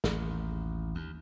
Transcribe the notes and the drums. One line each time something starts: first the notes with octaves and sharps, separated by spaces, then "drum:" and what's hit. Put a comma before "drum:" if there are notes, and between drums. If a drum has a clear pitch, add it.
A1 D#2, drum: snare
D#2